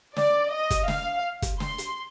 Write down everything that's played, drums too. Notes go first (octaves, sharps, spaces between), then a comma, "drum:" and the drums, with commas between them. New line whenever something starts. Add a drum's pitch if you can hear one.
D5, drum: snare
D#5
drum: kick, hi-hat
F5, drum: snare
drum: kick, hi-hat
C6, drum: snare
drum: hi-hat